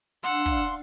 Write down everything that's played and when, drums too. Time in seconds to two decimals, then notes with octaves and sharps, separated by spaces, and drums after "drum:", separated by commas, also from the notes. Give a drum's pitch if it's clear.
0.24 D4 F5 F#5 C6 E6
0.46 drum: kick